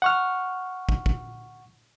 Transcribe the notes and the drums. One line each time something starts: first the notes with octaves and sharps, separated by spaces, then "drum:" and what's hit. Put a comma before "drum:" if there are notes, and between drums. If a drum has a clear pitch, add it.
F#5 C#6 F6
drum: kick
drum: kick